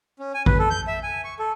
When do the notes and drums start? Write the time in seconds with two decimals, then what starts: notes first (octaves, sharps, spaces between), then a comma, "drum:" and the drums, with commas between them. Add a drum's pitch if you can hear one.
0.19 C#4
0.34 G#5
0.46 B4, drum: kick A1
0.59 A4
0.70 G6
0.87 E5
1.03 G#5
1.24 C#6
1.39 A4